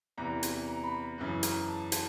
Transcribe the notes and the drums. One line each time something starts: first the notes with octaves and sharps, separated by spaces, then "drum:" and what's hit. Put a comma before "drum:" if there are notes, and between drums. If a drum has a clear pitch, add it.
E2 C3 E3 A#5
drum: hi-hat
A#5
B5
F#2 C#3 E3
A#5, drum: hi-hat
A5
A5, drum: hi-hat